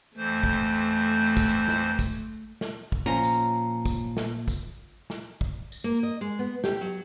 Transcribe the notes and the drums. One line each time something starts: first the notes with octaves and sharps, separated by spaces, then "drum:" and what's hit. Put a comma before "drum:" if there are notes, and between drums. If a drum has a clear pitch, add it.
F2 E3 A3 C5
drum: kick
drum: kick, tambourine
drum: snare
drum: kick, tambourine
drum: snare
drum: kick
A#2 F3 C#4 A#5
drum: tambourine
drum: kick, tambourine
drum: snare
drum: kick, tambourine
drum: snare
drum: kick
drum: tambourine
A#3
D#5
G#3
B3
G4, drum: snare
F#3